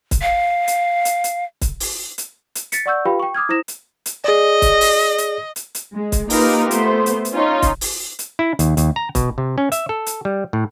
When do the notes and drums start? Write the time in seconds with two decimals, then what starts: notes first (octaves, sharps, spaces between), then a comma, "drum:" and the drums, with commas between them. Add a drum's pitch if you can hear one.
0.11 drum: kick, hi-hat
0.22 F5
0.68 drum: hi-hat
1.05 drum: hi-hat
1.24 drum: hi-hat
1.61 drum: kick, hi-hat
1.80 drum: open hi-hat
2.18 drum: hi-hat
2.55 drum: hi-hat
2.72 A6 B6 C#7, drum: hi-hat
2.86 D5 F#5 C#6 E6 G6
3.05 F4 G4 B4 F5 G5 B5
3.19 G5 C#6
3.35 D6 D#6 F6 G#6
3.49 E4 C5 D#6 A#6 E7
3.68 drum: hi-hat
4.06 drum: hi-hat
4.24 G#4 D5 D#5
4.62 drum: kick, hi-hat
4.81 drum: open hi-hat
5.18 drum: hi-hat
5.56 drum: hi-hat
5.75 drum: hi-hat
5.94 G#3
6.12 drum: kick, hi-hat
6.30 A#3 D#4 F4 G4 A#4 B4, drum: open hi-hat
6.71 A3 B3 C5, drum: hi-hat
7.06 drum: hi-hat
7.25 drum: hi-hat
7.34 C#4 D#4 F4
7.62 drum: kick, hi-hat
7.81 drum: open hi-hat
8.19 drum: hi-hat
8.39 E4
8.59 D#2, drum: hi-hat
8.77 D#2, drum: hi-hat
8.96 A#5
9.15 B2, drum: kick, hi-hat
9.38 C3
9.58 C#4
9.72 E5, drum: hi-hat
9.89 A4
10.06 drum: hi-hat
10.25 G3
10.53 A2